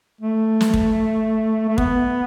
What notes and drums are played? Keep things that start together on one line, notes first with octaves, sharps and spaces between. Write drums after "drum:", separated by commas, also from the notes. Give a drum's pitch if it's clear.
A3
drum: snare
drum: kick
A3
B3, drum: kick